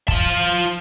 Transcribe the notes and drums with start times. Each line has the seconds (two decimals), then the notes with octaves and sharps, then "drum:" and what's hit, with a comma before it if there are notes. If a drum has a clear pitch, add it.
0.08 F4 A5, drum: kick